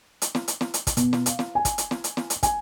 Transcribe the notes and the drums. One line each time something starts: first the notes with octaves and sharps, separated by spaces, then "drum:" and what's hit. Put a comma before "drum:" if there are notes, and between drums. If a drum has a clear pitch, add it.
drum: hi-hat
drum: snare
drum: hi-hat
drum: snare
drum: hi-hat
drum: kick, hi-hat
B2, drum: hi-hat
drum: snare
F5, drum: hi-hat
drum: snare
G#5
drum: kick, hi-hat
drum: hi-hat
drum: snare
drum: hi-hat
drum: snare
drum: hi-hat
G#5, drum: kick, hi-hat